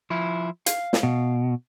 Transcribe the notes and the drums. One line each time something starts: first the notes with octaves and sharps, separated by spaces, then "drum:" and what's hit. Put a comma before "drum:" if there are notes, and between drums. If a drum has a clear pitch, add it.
F3 E4
F5, drum: hi-hat
drum: snare
B2